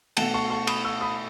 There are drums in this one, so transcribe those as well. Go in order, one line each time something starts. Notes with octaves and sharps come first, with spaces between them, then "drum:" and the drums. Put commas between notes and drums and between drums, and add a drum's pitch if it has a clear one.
B2 A3 F#5 A5, drum: cymbal
A5 C#6
A5 C#6
B5 D#6, drum: cymbal
C#6 E6
B5 D#6